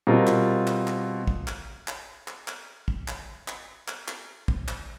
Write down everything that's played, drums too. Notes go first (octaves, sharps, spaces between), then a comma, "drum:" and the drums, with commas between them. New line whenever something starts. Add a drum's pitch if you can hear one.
B2 G3 C4 F4 A#4
drum: clap
drum: clap
drum: clap
drum: kick
drum: clap
drum: clap
drum: clap
drum: clap
drum: kick
drum: clap
drum: clap
drum: clap
drum: clap
drum: kick
drum: clap